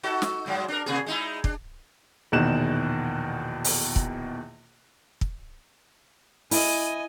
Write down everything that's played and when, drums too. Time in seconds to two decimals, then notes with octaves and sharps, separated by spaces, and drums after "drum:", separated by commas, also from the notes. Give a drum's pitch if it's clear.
0.03 D#4 F#4 A4
0.22 drum: snare
0.46 G2 F#3 G#3
0.68 D4 A#4
0.86 C3 A#3 G#4
1.06 G#3 D#4 E4
1.44 D4, drum: kick
2.32 A#1 E2 B2 D#3 F#6 E7
3.64 drum: open hi-hat
3.96 drum: kick
5.21 drum: kick
6.51 E4 D#5 G#5, drum: open hi-hat